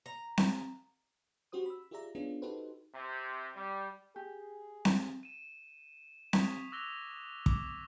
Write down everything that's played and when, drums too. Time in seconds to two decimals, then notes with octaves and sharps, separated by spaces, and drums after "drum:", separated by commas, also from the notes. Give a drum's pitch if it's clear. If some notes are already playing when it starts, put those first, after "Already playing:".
0.06 A#5
0.38 drum: snare C4
1.52 C#4 F#4 G4 C5 D#6
1.66 B5 E6
1.91 F4 G4 G#4 D5 E5 A#5
2.15 B3 C#4 D4 F4 G#4
2.42 D#4 F#4 G4 A4 B4 C5
2.94 C3
3.54 G3
4.16 G4 G#4
4.85 drum: snare C4
5.23 D#7 E7
6.33 C#6 D#6 G#6 B6, drum: snare C4
6.72 D6 E6 F#6 A#6 F7 G7
7.46 D6, drum: kick